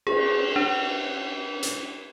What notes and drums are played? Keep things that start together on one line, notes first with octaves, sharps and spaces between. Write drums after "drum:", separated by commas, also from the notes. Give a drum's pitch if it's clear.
G#4, drum: cymbal
D4
drum: hi-hat